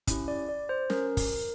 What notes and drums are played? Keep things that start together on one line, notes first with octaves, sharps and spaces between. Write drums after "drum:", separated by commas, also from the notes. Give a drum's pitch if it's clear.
C#4 E4 G4, drum: kick, hi-hat
D5
D5
C5
C#4 A#4, drum: snare
drum: kick, open hi-hat